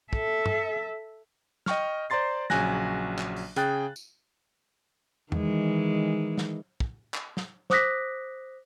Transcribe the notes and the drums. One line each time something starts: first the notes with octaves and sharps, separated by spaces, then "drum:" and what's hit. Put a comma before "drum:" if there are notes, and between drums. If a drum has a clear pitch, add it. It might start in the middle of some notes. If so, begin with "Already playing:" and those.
A4 E5, drum: kick
drum: tom
D#5 G5 C#6 F6, drum: snare
C5 D5 A#5 C6 A6 C7
A#1 C#3 F#3 G#5 F#6 A#6, drum: snare
drum: clap
drum: open hi-hat
C#3 G#4 G5 F#6 A6, drum: hi-hat
drum: tambourine
D#3 E3 G#3, drum: tom E2
drum: snare
drum: kick
drum: clap
drum: snare
C5 D6 D#6 F#6 A#6 B6, drum: snare